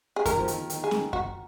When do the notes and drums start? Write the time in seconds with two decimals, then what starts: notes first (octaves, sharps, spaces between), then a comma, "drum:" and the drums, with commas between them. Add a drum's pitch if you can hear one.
0.16 G#4
0.26 D#3 A#4, drum: kick F#2, hi-hat
0.38 F3
0.48 D#3, drum: hi-hat
0.70 D#3, drum: hi-hat
0.84 G#4
0.91 D#3, drum: snare
1.13 F#4, drum: kick F#2